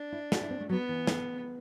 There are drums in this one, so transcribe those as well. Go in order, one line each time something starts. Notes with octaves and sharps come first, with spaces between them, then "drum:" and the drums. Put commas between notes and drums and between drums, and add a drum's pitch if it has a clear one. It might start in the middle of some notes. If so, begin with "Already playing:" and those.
Already playing: D4
E4
F#4, drum: snare
E4
C4
A3
F#3 B3
E3
drum: snare